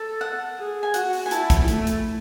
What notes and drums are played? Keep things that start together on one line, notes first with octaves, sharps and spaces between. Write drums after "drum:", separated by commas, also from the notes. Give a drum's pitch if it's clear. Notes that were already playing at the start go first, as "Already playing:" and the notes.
Already playing: A4
F#5
G#4
G#5
F#4 F#5, drum: hi-hat
drum: open hi-hat
G#5
E4 A5, drum: hi-hat
drum: kick, hi-hat
A3, drum: hi-hat
drum: hi-hat